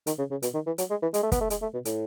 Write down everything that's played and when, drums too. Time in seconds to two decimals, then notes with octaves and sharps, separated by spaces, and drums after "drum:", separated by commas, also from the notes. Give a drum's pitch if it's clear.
0.07 D#3, drum: hi-hat
0.19 C#3
0.31 C#3
0.42 B2, drum: hi-hat
0.54 D#3
0.66 E3
0.78 F#3, drum: hi-hat
0.90 G#3
1.02 E3
1.14 G#3, drum: hi-hat
1.23 A3
1.32 B3, drum: kick, hi-hat
1.41 A3
1.50 G#3, drum: hi-hat
1.62 A3
1.74 B2
1.85 A2, drum: hi-hat